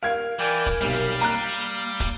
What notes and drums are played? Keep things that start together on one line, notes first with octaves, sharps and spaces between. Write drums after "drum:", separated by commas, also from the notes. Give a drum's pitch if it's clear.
A#4 F5 G#6
E3 A#4 D5 G5 G#5, drum: open hi-hat
drum: kick, hi-hat
B1 C3 G3 F5
drum: hi-hat
A#3 A#5 F#6, drum: hi-hat
drum: kick, hi-hat